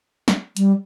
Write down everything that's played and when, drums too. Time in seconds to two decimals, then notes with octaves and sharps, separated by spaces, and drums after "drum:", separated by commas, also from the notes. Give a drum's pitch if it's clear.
0.28 drum: snare
0.57 G3, drum: hi-hat